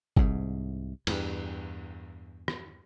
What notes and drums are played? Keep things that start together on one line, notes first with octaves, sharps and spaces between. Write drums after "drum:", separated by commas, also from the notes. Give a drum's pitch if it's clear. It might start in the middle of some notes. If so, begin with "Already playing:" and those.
C2 G#2, drum: kick G1
E2 G2, drum: cymbal
drum: rim click